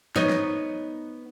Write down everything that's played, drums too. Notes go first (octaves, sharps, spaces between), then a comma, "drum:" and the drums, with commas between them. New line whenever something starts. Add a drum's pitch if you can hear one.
B3 D#4 C#5, drum: snare
drum: snare